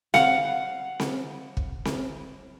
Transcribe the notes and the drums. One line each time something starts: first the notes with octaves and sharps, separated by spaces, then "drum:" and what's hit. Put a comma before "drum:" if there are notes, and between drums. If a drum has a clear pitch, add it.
F5 F#5, drum: snare C4
drum: snare C4
drum: kick
drum: snare C4